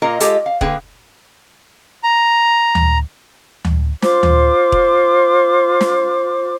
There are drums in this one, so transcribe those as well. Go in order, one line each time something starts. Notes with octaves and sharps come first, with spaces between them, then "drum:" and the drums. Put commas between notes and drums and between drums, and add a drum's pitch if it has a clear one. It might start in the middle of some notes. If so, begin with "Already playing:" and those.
A#2 F4 A#4 D#5 A#5
G#3 F4 G4 A4 D#5, drum: hi-hat
F5
D3 A#3 G#4 B4 G5, drum: kick E1
A#5
drum: tom D2
drum: tom D2
F4 C5 D6, drum: snare
drum: tom D2
drum: kick E1
drum: snare